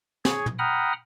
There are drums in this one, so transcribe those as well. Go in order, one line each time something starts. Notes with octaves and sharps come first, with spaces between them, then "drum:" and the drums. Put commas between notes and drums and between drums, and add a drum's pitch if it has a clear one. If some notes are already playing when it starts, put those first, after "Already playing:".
G#4 C#5, drum: snare
drum: tom
F#5 G5 A#5 B5 D#6 F6